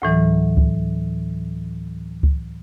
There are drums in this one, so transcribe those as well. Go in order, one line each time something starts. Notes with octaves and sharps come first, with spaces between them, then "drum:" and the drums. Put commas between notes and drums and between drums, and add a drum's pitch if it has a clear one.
D2 A2 E3 F#3
drum: kick C#2
drum: kick C#2